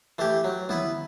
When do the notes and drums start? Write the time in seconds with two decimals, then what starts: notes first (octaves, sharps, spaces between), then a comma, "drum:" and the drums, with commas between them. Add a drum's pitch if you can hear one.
0.18 E3 A3 E4 G4
0.44 F#3
0.69 B3 E4 B4, drum: tom